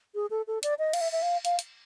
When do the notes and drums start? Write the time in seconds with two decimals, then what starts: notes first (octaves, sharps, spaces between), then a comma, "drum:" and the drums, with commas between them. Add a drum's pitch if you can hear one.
0.15 G#4
0.30 A4
0.47 A4
0.63 D5, drum: hi-hat
0.79 D#5
0.93 F5, drum: cymbal
1.01 E5
1.12 E5
1.22 F5
1.45 F5, drum: hi-hat
1.59 drum: hi-hat